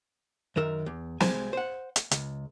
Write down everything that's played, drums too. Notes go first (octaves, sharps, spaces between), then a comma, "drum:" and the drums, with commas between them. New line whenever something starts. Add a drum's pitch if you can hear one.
F#2 D#3 A#4 E5
E2
C2 G#3 C5 G#5, drum: snare
C5 F#5
drum: hi-hat
C#2, drum: hi-hat